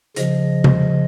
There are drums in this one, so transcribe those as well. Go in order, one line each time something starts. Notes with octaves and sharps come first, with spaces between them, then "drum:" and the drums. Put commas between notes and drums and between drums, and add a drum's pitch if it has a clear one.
C#3 F3 D#5, drum: hi-hat
drum: tom C3